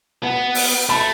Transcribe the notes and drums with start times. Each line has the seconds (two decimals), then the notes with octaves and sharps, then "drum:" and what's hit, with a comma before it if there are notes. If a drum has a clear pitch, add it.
0.23 B3 F#5
0.55 drum: open hi-hat
0.89 A3 B5